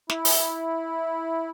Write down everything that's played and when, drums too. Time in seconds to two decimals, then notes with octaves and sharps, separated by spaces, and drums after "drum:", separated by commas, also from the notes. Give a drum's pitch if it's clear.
0.10 E4, drum: snare
0.25 drum: open hi-hat